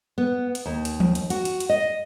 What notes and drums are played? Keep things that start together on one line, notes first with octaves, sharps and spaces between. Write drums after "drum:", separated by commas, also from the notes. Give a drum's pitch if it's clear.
B3
drum: hi-hat
D#2
drum: hi-hat
drum: tom E3
drum: hi-hat
F#4, drum: hi-hat
drum: hi-hat
drum: hi-hat
D#5